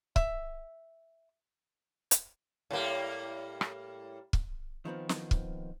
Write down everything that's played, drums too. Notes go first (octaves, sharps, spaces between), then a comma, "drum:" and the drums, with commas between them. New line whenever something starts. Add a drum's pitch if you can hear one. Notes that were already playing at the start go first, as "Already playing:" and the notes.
E5, drum: kick
drum: hi-hat
A2 G3 A#3
drum: rim click
drum: kick
D#3 F3 B3 C4
drum: snare
drum: kick